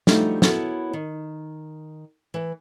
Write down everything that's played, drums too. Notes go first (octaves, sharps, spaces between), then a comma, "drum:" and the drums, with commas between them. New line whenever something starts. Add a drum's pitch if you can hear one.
F3 G3 A3 D4 D#4 F#4, drum: snare
B3 E4 F#4 A4 A#4 C#5, drum: snare
D#3
E3 B4